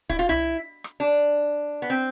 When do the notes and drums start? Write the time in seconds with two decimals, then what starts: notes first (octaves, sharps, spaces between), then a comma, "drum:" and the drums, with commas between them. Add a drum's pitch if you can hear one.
0.09 E4, drum: kick
0.19 F4
0.29 E4, drum: tom C2
0.84 drum: rim click
1.00 D4
1.82 B3
1.90 C4